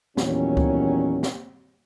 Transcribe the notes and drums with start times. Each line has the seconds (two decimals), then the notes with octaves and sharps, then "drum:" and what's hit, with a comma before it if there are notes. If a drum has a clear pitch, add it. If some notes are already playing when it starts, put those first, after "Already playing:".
0.17 E2 A#2 D#3 F#3 G3 C#4, drum: snare
0.57 drum: kick C#2
1.23 drum: snare